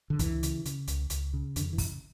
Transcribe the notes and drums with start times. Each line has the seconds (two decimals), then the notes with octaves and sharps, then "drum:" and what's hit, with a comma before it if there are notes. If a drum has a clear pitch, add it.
0.10 D3
0.19 C#2 E3, drum: kick, hi-hat
0.43 C#3, drum: hi-hat
0.66 C#3, drum: hi-hat
0.88 C#2, drum: hi-hat
1.10 C#2, drum: hi-hat
1.34 C#3
1.56 F2 D3, drum: hi-hat
1.73 E3
1.78 C#3, drum: kick, open hi-hat